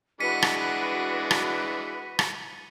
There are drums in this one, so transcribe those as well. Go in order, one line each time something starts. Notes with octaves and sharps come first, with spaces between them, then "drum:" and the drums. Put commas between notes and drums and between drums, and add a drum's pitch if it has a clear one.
E3 G#3 D4 F#4 B4 B6 C#7 D#7
drum: rim click
drum: rim click
drum: rim click